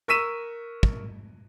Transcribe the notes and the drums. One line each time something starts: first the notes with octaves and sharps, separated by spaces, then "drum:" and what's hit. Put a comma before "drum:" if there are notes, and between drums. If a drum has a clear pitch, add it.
A#4 C#6 E6 B6 D#7 E7
drum: kick